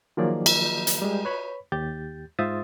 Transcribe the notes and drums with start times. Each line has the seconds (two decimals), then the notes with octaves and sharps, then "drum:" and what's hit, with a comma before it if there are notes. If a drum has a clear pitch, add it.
0.17 D#3 F3 F#3 A#3 G#4 D5
0.46 drum: cymbal
0.87 drum: hi-hat
1.02 G3 G#3
1.25 B4 C#5 B5
1.72 D#2 G4 G6 A6
2.39 G#2 F4 C5 E5 D#6 A6